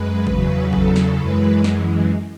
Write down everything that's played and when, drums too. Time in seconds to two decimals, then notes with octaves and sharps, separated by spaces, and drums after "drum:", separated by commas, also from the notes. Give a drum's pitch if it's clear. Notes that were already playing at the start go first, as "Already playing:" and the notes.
Already playing: F#2 G#3 B4
0.27 E2 C#3 F#3, drum: kick
0.73 A4, drum: kick
0.96 drum: snare
1.19 F#2 E3 G#3 B4
1.64 drum: snare